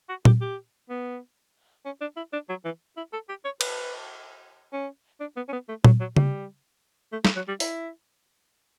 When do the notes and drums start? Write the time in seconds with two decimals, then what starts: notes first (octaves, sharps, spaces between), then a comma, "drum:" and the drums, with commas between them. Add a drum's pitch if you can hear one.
0.09 F#4
0.25 G4, drum: tom A#2
0.41 G4
0.90 B3
1.85 C#4
2.01 D4
2.17 E4
2.33 D4
2.49 F#3
2.65 E3
2.97 E4
3.13 A4
3.29 G4
3.45 C#5
3.61 B4, drum: cymbal
4.73 C#4
5.20 D4
5.36 B3
5.48 C#4
5.53 B3
5.69 A3
5.85 F#3, drum: tom A#2
6.00 F#3
6.17 G3, drum: tom C#3
7.12 A3
7.25 A3, drum: snare
7.36 F#3
7.48 G3
7.60 E4, drum: open hi-hat